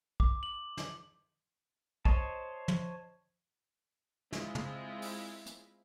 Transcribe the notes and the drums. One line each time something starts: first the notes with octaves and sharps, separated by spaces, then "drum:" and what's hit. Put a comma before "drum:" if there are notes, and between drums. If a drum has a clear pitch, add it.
D6, drum: kick
F#7
drum: snare
C5 C#5 D#5 A5, drum: kick
drum: tom
G#3 C4 E4 F4, drum: snare
drum: tom
drum: open hi-hat
drum: hi-hat